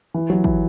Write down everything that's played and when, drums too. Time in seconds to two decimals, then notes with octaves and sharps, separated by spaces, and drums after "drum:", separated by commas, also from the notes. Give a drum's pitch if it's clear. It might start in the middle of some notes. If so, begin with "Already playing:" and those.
0.14 E3
0.30 F#3
0.44 E3, drum: kick